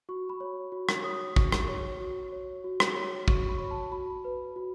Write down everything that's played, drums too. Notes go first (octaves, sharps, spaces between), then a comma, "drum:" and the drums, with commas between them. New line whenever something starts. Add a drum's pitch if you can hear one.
F#4 C#6
B5
C#5
F#4
drum: rim click
C#5 D#6
F#4 C#6, drum: kick
drum: rim click
C#5
F#4
C#5
F#4
drum: rim click
C#5
F#4 C#6, drum: kick
B5
C#5
A5
F#4 B5
B4
F#4